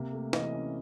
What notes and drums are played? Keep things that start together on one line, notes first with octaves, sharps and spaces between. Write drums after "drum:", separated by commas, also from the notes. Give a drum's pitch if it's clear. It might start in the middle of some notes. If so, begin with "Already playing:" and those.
Already playing: C3 A#3
A3
E3 D#5, drum: snare
C#4